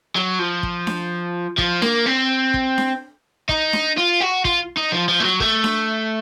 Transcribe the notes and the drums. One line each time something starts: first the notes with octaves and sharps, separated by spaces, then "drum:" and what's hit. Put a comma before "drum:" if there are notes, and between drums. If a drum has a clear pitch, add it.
F#3
F3
drum: kick
drum: snare D4
F3, drum: kick
A#3, drum: snare D4
C4
drum: kick
drum: snare D4
D#4, drum: kick
drum: snare D4
F4
F#4
F4, drum: kick
D#4
F3
F3
A3
F#3
A3, drum: kick
drum: snare D4